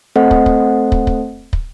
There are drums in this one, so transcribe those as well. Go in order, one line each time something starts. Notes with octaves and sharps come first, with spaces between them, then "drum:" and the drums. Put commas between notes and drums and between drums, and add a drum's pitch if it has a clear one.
A3 C4 A4 C5 D#5 F#5
drum: kick
drum: kick
drum: kick
drum: kick
drum: kick